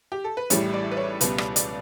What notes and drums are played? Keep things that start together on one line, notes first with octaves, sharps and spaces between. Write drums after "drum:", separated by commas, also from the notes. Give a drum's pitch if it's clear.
G4
A4
B4
A1 A2 E3 G3 C#5, drum: hi-hat
D5
B4
C#5
C#2 B2 G3 B4, drum: hi-hat
D5, drum: rim click
D5, drum: hi-hat